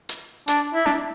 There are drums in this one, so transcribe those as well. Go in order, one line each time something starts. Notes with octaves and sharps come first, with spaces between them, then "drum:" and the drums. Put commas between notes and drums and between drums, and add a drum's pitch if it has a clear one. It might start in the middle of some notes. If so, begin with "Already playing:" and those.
drum: hi-hat
D4, drum: hi-hat
E4
D4, drum: snare